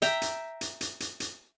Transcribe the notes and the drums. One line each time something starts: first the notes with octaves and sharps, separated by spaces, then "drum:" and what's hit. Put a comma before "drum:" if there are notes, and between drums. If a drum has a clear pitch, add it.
E5 G5 A#5, drum: hi-hat
drum: hi-hat
drum: hi-hat
drum: hi-hat
drum: hi-hat
drum: hi-hat